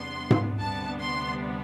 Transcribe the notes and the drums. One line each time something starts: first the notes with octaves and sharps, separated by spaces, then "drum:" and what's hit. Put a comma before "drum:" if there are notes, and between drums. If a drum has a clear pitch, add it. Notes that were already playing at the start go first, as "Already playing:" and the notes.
Already playing: E2 C3 G3 B3 D4 C6
drum: tom G#2
D2 C3 G3 B3 D4 A5
C6